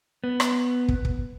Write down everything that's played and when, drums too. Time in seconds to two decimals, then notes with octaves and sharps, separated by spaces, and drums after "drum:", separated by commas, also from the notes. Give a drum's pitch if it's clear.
0.24 B3
0.40 drum: rim click
0.88 drum: kick
1.05 drum: kick